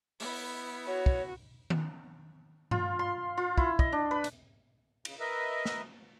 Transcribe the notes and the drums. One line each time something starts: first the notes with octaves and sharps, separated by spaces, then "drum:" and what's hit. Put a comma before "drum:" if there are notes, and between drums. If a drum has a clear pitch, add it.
B3 E4, drum: open hi-hat
F#4 C#5
drum: kick
drum: tom D#3
F4, drum: tom G2
C6
F4
E4, drum: kick
D#5, drum: kick
D4
B4
drum: hi-hat
C#3, drum: cymbal
A#4 B4 D#5 E5
drum: snare